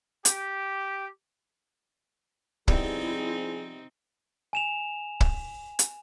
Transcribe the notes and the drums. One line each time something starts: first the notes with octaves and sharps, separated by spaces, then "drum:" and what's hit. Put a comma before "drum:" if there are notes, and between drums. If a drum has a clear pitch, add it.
G4, drum: hi-hat
C3 F3 G3 B3 C4 D#4 E4 G#4, drum: kick
G#5 E7 F7
drum: kick
drum: hi-hat